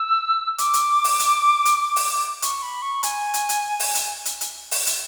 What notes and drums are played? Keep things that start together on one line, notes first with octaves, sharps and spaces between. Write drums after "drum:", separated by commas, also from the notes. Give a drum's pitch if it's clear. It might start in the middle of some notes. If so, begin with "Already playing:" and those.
Already playing: E6
D6, drum: hi-hat
drum: hi-hat
drum: open hi-hat
drum: hi-hat
drum: hi-hat
drum: open hi-hat
C#6, drum: hi-hat
B5
C#6
G#5, drum: hi-hat
drum: hi-hat
drum: hi-hat
drum: open hi-hat
drum: hi-hat
drum: hi-hat
drum: hi-hat
drum: open hi-hat
drum: hi-hat